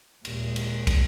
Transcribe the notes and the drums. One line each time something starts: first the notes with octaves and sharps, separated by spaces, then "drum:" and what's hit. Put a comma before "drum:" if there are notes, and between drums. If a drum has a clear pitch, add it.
D#2 A#2 G#3, drum: cymbal
drum: cymbal
drum: kick, cymbal